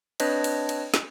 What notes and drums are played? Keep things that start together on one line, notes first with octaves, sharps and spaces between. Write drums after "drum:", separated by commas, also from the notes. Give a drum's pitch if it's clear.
C4 D4 B4 C#5 D#5 A5, drum: cymbal
drum: cymbal
drum: cymbal
drum: snare